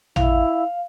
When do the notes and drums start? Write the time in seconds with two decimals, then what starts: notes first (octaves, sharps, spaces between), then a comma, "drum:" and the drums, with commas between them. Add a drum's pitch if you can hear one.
0.16 E4 F5, drum: tom